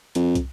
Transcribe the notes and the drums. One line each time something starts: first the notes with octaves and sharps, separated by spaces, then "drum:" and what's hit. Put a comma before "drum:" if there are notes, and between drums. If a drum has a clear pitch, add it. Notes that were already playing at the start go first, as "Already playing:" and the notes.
F2, drum: hi-hat
drum: kick, hi-hat